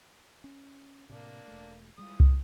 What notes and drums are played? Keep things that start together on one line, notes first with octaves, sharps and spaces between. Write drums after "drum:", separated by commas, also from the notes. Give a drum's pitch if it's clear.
C#4
A2 C3 A#3 D4
E1 A3
E3 G3 G#3 F4 D#6
A2 A#3, drum: kick C2